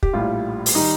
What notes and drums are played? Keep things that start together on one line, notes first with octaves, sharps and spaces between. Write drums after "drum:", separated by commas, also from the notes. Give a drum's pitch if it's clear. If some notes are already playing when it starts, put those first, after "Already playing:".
G4, drum: kick
A#1 A2 G3 F4
drum: open hi-hat
D#3 G3 D#4